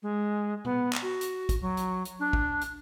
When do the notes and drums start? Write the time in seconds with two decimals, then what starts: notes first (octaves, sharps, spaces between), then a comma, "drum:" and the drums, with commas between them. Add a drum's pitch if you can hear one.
0.02 G#3
0.65 B3, drum: tom B2
0.93 drum: clap
1.02 F#4
1.21 drum: hi-hat
1.49 drum: kick, hi-hat
1.61 F#3
1.77 drum: hi-hat
2.05 drum: hi-hat
2.19 D4
2.33 drum: kick
2.61 drum: hi-hat